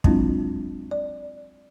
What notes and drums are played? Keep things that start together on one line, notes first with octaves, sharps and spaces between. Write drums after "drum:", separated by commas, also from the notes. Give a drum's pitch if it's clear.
F#3 G#3 C4 D4 E4 F4, drum: kick
D5